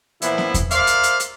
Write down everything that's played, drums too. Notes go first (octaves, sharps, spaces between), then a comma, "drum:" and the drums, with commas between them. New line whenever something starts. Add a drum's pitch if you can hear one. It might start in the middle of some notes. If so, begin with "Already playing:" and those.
A#2 E3 F3 B3 E4, drum: hi-hat
drum: snare B3
drum: kick E2, hi-hat
A#4 C5 D5 E5 F5, drum: hi-hat
drum: hi-hat
drum: hi-hat
drum: hi-hat